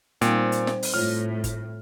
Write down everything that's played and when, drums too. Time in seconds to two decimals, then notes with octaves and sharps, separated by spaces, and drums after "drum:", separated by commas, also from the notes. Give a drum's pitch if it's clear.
0.21 A#2 G3 C4 D#4, drum: hi-hat
0.52 drum: hi-hat
0.67 drum: snare
0.83 drum: open hi-hat
0.94 A2 F4 C#5 F6
1.44 drum: kick G1, hi-hat